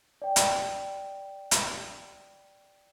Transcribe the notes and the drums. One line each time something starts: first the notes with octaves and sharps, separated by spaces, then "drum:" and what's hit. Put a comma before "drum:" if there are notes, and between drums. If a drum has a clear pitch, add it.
D5 G5
drum: hi-hat
drum: hi-hat